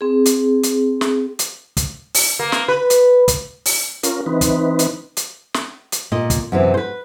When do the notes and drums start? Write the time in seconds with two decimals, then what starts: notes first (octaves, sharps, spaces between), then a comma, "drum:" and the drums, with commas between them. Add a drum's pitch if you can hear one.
0.01 C4 G#4
0.26 drum: hi-hat
0.63 drum: hi-hat
1.01 drum: snare
1.39 drum: hi-hat
1.77 drum: kick, hi-hat
2.14 drum: open hi-hat
2.39 A#3
2.52 drum: snare
2.68 B4
2.90 drum: hi-hat
3.28 drum: kick, hi-hat
3.65 drum: open hi-hat
4.03 C#4 F4 A#4, drum: hi-hat
4.26 E3 C4 D#4 B4
4.41 drum: kick, hi-hat
4.79 drum: hi-hat
5.17 drum: hi-hat
5.54 drum: snare
5.92 drum: hi-hat
6.12 A#2 D#5
6.30 drum: kick, hi-hat
6.52 F#2 C3 E3
6.74 B4 C5